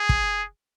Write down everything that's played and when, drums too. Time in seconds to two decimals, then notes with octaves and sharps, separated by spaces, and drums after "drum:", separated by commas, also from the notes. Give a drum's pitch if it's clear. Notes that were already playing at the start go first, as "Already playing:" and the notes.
Already playing: G#4
0.09 drum: kick